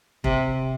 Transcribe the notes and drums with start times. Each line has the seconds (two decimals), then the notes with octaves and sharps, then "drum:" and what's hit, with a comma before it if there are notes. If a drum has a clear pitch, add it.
0.24 C3, drum: kick E1